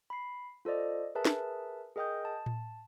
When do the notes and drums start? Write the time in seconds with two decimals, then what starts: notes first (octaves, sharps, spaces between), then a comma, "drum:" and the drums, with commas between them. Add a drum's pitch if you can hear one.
0.10 B5 C7
0.65 F4 A4 C5 D5 D#5
1.15 G#4 A#4 B4 E5 A5
1.25 drum: snare
1.96 G#4 A#4 D#5 G5 D#6 G6
2.25 A5
2.46 drum: tom A2